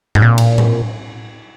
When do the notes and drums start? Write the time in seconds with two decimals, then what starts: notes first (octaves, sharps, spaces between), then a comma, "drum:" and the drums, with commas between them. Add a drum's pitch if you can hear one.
0.15 G#2, drum: tom A2
0.22 A#2
0.38 drum: cymbal
0.58 drum: tom A2